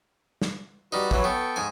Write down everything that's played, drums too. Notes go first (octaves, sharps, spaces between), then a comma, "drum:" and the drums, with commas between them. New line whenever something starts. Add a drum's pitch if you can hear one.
drum: snare
G3 D#4 F#4 B4
E3 F#3, drum: kick
B3 A4 G5 C#6
G#2 G#5